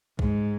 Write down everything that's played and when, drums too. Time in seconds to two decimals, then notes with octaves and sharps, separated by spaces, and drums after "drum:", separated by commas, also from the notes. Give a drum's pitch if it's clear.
0.19 G#2, drum: kick B1